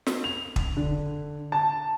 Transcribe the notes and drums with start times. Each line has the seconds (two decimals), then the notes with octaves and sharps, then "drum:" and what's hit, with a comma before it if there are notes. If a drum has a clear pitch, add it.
0.07 drum: snare
0.24 F7
0.56 drum: kick
0.77 D3
1.52 A5